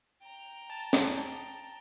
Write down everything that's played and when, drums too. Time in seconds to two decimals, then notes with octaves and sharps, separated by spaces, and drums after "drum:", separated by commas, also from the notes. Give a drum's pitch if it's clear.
0.23 G5 A#5
0.70 A5
0.93 drum: snare